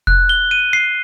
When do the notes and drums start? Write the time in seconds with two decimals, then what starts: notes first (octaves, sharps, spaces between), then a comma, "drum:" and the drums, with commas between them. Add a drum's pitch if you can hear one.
0.07 F#6, drum: kick F1
0.29 G7
0.51 D#7
0.73 C7